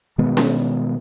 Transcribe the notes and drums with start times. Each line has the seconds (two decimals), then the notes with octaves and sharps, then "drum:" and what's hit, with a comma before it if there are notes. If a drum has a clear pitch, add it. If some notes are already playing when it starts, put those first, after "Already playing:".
0.18 B2 D#3 G#3 B3
0.37 drum: snare C#4